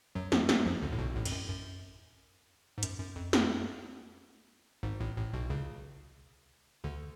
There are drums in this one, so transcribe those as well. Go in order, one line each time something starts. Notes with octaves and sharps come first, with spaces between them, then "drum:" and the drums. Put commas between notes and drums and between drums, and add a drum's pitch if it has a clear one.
F#2 F#3
F2 F3, drum: snare
F#2 F#3, drum: snare
F2 F3
D2 D3
A2
B1 B2
A1 A2
F2, drum: cymbal
F#2
F#2
G#2
F#2, drum: hi-hat
F#2
F2
F#2, drum: snare
G#1 G#2
A1 A2
A1 A2
B1 B2
C#2 C#3
D2 D3